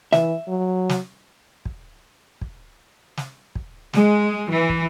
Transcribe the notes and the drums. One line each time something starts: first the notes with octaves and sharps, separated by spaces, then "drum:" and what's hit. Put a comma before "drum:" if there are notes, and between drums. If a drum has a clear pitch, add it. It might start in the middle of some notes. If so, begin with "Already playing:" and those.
E3 E5, drum: snare
F#3
drum: snare
drum: kick
drum: kick
drum: snare
drum: kick
G#3, drum: snare
E3
drum: kick